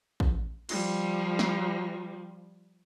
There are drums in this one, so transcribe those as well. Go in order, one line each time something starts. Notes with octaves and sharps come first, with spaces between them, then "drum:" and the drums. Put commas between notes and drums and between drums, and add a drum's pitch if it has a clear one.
drum: kick
F3 G3, drum: cymbal
drum: snare